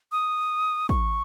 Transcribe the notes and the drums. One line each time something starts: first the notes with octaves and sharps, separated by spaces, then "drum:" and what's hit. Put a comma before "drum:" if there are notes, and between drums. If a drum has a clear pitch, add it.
D#6
C#6, drum: kick